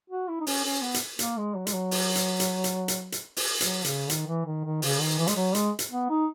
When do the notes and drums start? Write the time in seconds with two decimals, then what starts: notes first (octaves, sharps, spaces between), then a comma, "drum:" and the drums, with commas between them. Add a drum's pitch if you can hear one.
0.10 F#4
0.28 E4
0.40 D#4
0.47 C#4, drum: open hi-hat
0.64 C#4
0.82 B3
0.94 drum: hi-hat
1.19 A#3, drum: hi-hat
1.37 G#3
1.55 F#3
1.67 G#3, drum: hi-hat
1.73 F#3
1.91 drum: open hi-hat
2.15 drum: hi-hat
2.40 drum: hi-hat
2.64 drum: hi-hat
2.88 drum: hi-hat
3.12 drum: hi-hat
3.37 drum: open hi-hat
3.61 F#3, drum: hi-hat
3.85 C#3, drum: hi-hat
4.10 D#3, drum: hi-hat
4.27 E3
4.46 D#3
4.64 D#3
4.82 C#3, drum: open hi-hat
5.00 D#3
5.18 E3
5.27 G#3, drum: hi-hat
5.36 F#3
5.55 G#3, drum: hi-hat
5.79 drum: hi-hat
5.91 B3
6.10 D#4